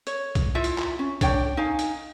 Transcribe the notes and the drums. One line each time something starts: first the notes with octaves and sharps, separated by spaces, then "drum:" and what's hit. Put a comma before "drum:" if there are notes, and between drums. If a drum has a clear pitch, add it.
C#5, drum: hi-hat
drum: kick B1, hi-hat
E4 F4 E5
drum: hi-hat
drum: clap
C#4
D4 C#5 G5, drum: kick B1, hi-hat
D#4 F5 G#5
drum: hi-hat